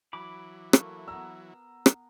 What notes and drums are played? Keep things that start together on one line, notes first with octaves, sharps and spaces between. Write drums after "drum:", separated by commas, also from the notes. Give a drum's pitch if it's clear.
E3 F#3 B5 D6
A3 A#3 F5, drum: rim click
B3 A#5 E6
drum: rim click